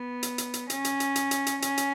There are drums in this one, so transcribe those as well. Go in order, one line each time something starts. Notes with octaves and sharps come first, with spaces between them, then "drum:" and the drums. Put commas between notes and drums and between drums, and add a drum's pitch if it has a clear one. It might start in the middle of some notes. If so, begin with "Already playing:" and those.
Already playing: B3
drum: hi-hat
drum: hi-hat
drum: hi-hat
C#4, drum: hi-hat
drum: hi-hat
drum: hi-hat
drum: hi-hat
drum: hi-hat
drum: hi-hat
C#4, drum: hi-hat
drum: hi-hat